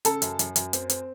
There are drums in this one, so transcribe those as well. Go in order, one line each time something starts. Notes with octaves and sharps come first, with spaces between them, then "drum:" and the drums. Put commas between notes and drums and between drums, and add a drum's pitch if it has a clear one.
C#3 A4 A5, drum: hi-hat
F#2, drum: hi-hat
F#2, drum: hi-hat
F#2, drum: hi-hat
C4, drum: hi-hat
C4, drum: hi-hat